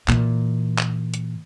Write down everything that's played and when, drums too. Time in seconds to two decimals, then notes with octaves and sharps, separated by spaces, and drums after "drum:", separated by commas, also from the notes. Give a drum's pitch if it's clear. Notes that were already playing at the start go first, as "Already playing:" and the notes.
0.08 A#2 E3, drum: clap
0.78 drum: clap
1.14 drum: hi-hat